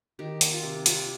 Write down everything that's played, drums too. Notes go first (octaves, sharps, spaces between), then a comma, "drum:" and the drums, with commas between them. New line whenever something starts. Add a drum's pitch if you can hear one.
D#3 G4
A#3, drum: hi-hat
F4
C3
G3 F4, drum: hi-hat